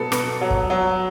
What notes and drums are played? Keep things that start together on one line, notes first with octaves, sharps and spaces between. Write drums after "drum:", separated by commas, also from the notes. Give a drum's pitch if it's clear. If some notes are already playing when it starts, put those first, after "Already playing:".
Already playing: B2 F#3 A4 B4
B2 B4, drum: rim click
F#3
drum: kick
F#3